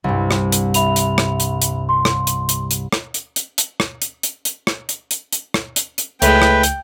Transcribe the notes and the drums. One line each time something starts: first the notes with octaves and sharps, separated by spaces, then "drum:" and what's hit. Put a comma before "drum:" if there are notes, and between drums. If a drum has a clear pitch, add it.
C2 G2
drum: rim click
drum: hi-hat
E5 B5 F7, drum: hi-hat
drum: hi-hat
drum: rim click
drum: hi-hat
drum: hi-hat
C6
drum: rim click
drum: hi-hat
drum: hi-hat
drum: hi-hat
drum: rim click
drum: hi-hat
drum: hi-hat
drum: hi-hat
drum: rim click
drum: hi-hat
drum: hi-hat
drum: hi-hat
drum: rim click
drum: hi-hat
drum: hi-hat
drum: hi-hat
drum: rim click
drum: hi-hat
drum: hi-hat
C#2 A2 G#3 B4 G5, drum: hi-hat
drum: rim click
drum: hi-hat